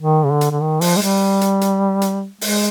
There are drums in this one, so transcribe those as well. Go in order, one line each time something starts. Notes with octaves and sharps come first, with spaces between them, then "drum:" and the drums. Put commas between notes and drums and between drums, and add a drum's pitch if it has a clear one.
D#3
C#3
D3
drum: hi-hat
D3
D#3
F3, drum: open hi-hat
G#3
G3, drum: hi-hat
drum: hi-hat
drum: hi-hat
drum: hi-hat
G#3, drum: open hi-hat